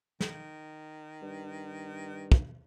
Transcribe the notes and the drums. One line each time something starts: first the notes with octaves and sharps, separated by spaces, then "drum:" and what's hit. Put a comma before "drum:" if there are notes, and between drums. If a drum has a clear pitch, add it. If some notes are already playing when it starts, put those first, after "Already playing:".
D#3, drum: snare
G2
drum: kick